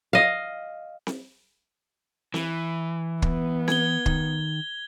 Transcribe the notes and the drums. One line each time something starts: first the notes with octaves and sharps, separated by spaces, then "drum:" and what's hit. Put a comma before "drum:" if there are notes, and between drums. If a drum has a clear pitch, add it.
D#5 F5
drum: snare C4
E3, drum: snare C4
B3, drum: kick
G#6 G7, drum: snare C4
D#3, drum: kick